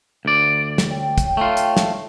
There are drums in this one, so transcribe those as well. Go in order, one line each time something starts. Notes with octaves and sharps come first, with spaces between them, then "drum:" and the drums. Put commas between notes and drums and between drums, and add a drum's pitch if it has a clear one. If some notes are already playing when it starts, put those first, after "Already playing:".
D2 D5
drum: snare
C#5 G5
drum: kick, hi-hat
A3 F4
drum: hi-hat
drum: snare